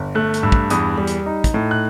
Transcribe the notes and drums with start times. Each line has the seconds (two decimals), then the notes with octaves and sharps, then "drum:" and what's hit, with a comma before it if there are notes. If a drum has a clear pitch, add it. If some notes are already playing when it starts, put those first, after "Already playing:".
Already playing: G1
0.15 A3 F#6
0.34 drum: hi-hat
0.43 G2 E6
0.52 drum: kick
0.70 E2 D#6, drum: hi-hat
0.98 G3
1.07 drum: hi-hat
1.26 D#4
1.44 drum: kick, hi-hat
1.54 A2
1.71 F#6